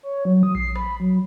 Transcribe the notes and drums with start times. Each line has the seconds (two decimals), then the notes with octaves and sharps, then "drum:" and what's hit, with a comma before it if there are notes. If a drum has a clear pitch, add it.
0.03 C#5
0.25 F#3
0.43 D#6
0.55 C7, drum: kick A#1
0.76 B5, drum: rim click
1.00 F#3